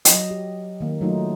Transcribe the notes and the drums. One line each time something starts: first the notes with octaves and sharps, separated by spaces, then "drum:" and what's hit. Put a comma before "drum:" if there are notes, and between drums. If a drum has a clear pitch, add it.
F#3 D#5, drum: hi-hat
G4
D#3 A#3
F#3 A3 D#4 F4